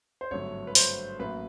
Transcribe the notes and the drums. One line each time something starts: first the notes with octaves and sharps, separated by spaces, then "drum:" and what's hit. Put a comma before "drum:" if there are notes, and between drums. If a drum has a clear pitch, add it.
C5
G#1 G2 D3 F#3 A3 C#5
B4
C5, drum: open hi-hat
A1 A2 F#3 A#3 B4